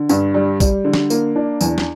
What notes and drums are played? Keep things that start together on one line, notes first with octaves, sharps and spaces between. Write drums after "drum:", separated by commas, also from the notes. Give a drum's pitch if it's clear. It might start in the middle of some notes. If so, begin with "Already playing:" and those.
Already playing: D3
G2, drum: tambourine
G3
G3, drum: kick, tambourine
D3
drum: snare
A#3, drum: tambourine
D4
E2, drum: tambourine
drum: snare